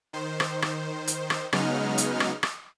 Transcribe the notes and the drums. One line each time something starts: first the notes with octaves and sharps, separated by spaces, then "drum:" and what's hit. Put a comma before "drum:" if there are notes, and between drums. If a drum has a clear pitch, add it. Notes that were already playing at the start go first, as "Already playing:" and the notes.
D#3 C5
drum: rim click
drum: rim click
drum: hi-hat
drum: rim click
C#3 F#3 G#3 B3 D#4 F6, drum: rim click
drum: hi-hat
drum: rim click
drum: rim click